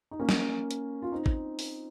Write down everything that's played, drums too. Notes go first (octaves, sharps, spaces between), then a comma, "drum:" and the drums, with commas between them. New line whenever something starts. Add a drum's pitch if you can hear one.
D#4
A#3 C#4
drum: snare
drum: hi-hat
F4
C4 D#4
drum: kick
drum: open hi-hat